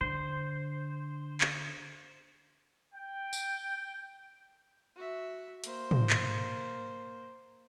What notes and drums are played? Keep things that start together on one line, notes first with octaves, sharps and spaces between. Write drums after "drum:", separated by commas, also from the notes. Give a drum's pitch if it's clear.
D3 C5
drum: clap
G5
drum: tambourine
F#4 E5
A#3 C5, drum: hi-hat
drum: tom
drum: clap